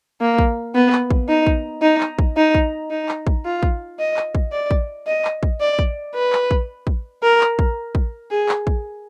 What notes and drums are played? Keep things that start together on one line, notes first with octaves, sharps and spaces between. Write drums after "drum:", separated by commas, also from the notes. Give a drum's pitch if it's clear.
A#3
drum: kick
B3
drum: clap
drum: kick
D#4
drum: kick
D#4
drum: clap
drum: kick
D#4
drum: kick
D#4
drum: clap
drum: kick
F4
drum: kick
D#5
drum: clap
drum: kick
D5
drum: kick
D#5
drum: clap
drum: kick
D5
drum: kick
B4
drum: clap
drum: kick
drum: kick
A#4
drum: clap
drum: kick
drum: kick
G#4
drum: clap
drum: kick